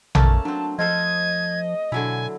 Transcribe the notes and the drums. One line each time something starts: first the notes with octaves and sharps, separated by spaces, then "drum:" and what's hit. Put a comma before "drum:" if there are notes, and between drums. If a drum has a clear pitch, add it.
A3 A#3 C#4 A5, drum: tom A#1
F#3 C4 D4
F3 F4 A4 C5 D#5 G#6
B2 D3 F#3 E4 G#5